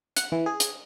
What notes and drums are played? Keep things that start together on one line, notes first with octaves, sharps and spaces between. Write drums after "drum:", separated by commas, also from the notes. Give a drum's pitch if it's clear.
F#5, drum: hi-hat
E3
G#4
drum: hi-hat